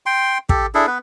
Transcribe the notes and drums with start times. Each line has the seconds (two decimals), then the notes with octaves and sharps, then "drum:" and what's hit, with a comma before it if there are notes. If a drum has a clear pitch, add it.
0.06 G5 C6
0.49 G4 A4, drum: kick
0.75 D4 E4 G#4 A4
0.87 B3 B4